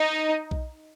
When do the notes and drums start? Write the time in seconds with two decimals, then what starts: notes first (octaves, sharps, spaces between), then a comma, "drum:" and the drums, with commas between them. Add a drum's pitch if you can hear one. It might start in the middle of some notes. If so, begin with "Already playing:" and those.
Already playing: D#4
0.51 drum: kick B1